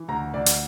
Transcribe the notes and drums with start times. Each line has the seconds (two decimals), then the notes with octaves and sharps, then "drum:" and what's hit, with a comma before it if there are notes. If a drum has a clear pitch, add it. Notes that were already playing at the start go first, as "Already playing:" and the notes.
Already playing: E3
0.08 D2 A#5
0.33 D2 D5
0.46 drum: hi-hat